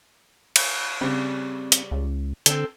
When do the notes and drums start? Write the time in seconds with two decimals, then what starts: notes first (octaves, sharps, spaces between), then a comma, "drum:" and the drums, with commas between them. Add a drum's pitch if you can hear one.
0.56 drum: cymbal
1.01 C#3 G3 C4
1.72 drum: hi-hat
1.91 C#2
2.46 D3 C4 A4, drum: hi-hat